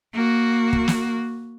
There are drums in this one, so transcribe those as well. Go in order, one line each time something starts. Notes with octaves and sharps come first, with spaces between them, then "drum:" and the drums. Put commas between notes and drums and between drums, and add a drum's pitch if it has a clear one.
A#3 F#4
drum: kick
drum: snare